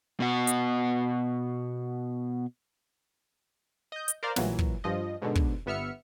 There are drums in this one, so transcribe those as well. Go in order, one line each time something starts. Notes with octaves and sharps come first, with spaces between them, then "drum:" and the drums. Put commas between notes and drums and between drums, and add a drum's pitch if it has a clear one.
B2 F#4
drum: hi-hat
D#5 G6
drum: hi-hat
A#4 C5 D5 F5
A#1 A#2 E3 F#3, drum: snare
drum: kick
G2 F3 D#5
G#2 B2 D3
drum: kick
G1 B3 E5 F6 C#7